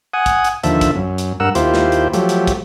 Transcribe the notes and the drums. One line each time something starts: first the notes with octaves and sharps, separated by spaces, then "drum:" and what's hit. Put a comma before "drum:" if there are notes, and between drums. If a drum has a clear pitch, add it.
F#5 G#5 D#6
drum: kick, hi-hat
drum: hi-hat
D#2 D3 F3 A4 E5, drum: hi-hat
drum: kick, hi-hat
F#2
drum: hi-hat
G2 A#4 F#5 E6
D#2 E4 F4 G4 C5, drum: hi-hat
drum: snare
drum: hi-hat
F3 F#3 A3 G4, drum: hi-hat
drum: hi-hat
drum: kick, hi-hat